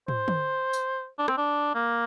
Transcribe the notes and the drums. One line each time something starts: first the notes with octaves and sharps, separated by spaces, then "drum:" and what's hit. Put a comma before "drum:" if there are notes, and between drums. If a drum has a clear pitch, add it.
C5, drum: tom
drum: tom
drum: tambourine
D4
C4, drum: rim click
D4
A#3